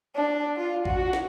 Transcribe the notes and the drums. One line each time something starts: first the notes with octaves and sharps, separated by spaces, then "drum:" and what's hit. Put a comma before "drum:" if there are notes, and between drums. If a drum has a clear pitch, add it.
D4
F4
F#4, drum: kick A1
drum: snare